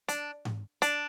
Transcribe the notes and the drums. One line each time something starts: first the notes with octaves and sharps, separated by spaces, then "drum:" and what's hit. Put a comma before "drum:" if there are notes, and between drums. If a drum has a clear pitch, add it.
D4, drum: hi-hat
drum: tom G#2
D4, drum: hi-hat